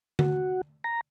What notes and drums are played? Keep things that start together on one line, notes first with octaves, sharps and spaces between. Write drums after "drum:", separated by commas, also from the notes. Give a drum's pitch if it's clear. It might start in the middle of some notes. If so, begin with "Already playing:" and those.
F#4, drum: tom D3
A#5